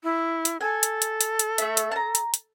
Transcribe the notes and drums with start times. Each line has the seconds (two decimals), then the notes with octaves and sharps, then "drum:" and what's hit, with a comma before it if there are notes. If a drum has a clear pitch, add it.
0.04 E4
0.45 drum: hi-hat
0.61 A4 G#5
0.83 drum: hi-hat
1.02 drum: hi-hat
1.21 drum: hi-hat
1.39 drum: hi-hat
1.58 A3 E5, drum: hi-hat
1.77 drum: hi-hat
1.91 A5 A#5
2.15 drum: hi-hat
2.34 drum: hi-hat